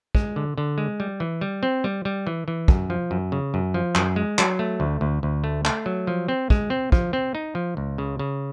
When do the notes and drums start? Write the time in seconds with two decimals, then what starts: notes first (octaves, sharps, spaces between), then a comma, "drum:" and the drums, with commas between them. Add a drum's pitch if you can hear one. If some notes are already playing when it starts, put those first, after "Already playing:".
0.15 G#3, drum: kick
0.36 D3
0.58 D3
0.78 G#3
1.00 G3
1.20 E3
1.41 G3
1.63 C4
1.84 G3
2.05 G3
2.27 E3
2.48 E3
2.68 F#2, drum: kick
2.90 F3
3.11 F#2
3.32 C#3
3.54 F#2
3.74 F3
3.95 F#2, drum: clap
4.16 G#3
4.39 F#3, drum: clap
4.59 A3
4.80 D2
5.01 D2
5.23 D2
5.44 A3
5.65 A3, drum: clap
5.86 F#3
6.07 F3
6.28 C4
6.50 G#3, drum: kick
6.70 C4
6.92 F3, drum: kick
7.13 C4
7.35 D#4
7.55 F3
7.77 C#2
7.98 C#3
8.19 C#3